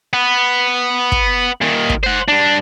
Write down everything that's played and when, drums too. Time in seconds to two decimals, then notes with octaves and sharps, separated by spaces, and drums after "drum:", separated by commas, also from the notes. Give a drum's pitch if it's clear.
0.14 B3
1.12 drum: kick
1.61 A#2 D#3
1.89 drum: kick
2.04 C5 F#5
2.28 G2 D4